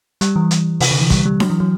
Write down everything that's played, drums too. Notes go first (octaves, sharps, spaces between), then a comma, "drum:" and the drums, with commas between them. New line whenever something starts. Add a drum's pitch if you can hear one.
G3, drum: hi-hat
E3
drum: hi-hat
C3, drum: open hi-hat
D3
E3
G3, drum: kick, hi-hat
G3
F#3, drum: snare D4
E3
F#3